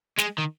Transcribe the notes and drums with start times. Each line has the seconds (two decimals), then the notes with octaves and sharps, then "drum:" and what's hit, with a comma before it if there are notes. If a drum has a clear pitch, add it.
0.18 G#3, drum: snare
0.38 D#3